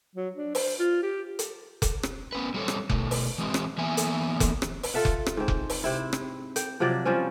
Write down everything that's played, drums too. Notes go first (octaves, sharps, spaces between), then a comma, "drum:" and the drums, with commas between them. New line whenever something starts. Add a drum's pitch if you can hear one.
F#3
D4
C5, drum: open hi-hat
F4
G4
drum: hi-hat
drum: kick F1, hi-hat
drum: rim click
B3 C#4 B4
F#3 G3 A4 C5 C#5
drum: rim click
B2 A3, drum: kick F1
drum: open hi-hat
E3 G#3 C4 G4 B4
drum: rim click
E3 A#3 B3 E5 G#5
drum: hi-hat
drum: kick F1, hi-hat
drum: rim click
drum: open hi-hat
F4 A4 E5 F#5
drum: kick F1
drum: rim click
G#2 C4
drum: kick F1
drum: open hi-hat
C3 C4 E4
drum: rim click
G5, drum: hi-hat
C3 F3 F#3 D5
F3 G3 C4 C#4